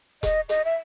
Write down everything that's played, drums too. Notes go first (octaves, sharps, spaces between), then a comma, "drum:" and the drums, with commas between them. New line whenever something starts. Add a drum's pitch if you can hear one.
D#5, drum: kick E1, hi-hat
D#5, drum: hi-hat
E5